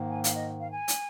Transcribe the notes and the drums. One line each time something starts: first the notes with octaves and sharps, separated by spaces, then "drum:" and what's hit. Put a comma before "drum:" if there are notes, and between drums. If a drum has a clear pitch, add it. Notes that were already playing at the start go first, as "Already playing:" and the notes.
Already playing: G#2 D#3 A#3
G#5
F5, drum: hi-hat
D#5
F5
G#5
drum: hi-hat